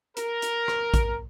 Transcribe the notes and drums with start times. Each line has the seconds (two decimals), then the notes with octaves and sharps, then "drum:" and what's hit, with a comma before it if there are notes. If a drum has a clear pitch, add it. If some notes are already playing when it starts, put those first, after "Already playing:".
0.17 A#4, drum: hi-hat
0.42 drum: hi-hat
0.68 drum: rim click
0.94 drum: kick A1, hi-hat